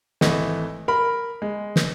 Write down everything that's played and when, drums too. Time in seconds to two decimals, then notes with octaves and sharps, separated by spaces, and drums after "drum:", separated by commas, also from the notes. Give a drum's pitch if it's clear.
0.21 G#1 E3 A3 D#5, drum: snare
0.88 A#4 B5
1.42 G#3
1.76 drum: snare